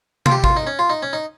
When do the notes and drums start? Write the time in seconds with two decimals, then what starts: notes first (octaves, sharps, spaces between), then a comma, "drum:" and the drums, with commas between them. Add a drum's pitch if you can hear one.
0.26 F4, drum: tom
0.31 G4
0.44 F4, drum: kick
0.57 D#4
0.67 C#4
0.79 F4
0.90 D#4
1.03 C#4
1.13 D#4